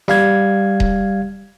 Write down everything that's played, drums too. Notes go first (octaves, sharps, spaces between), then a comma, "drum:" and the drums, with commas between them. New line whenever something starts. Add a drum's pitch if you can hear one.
G3 F5 G#6, drum: snare
drum: kick D#1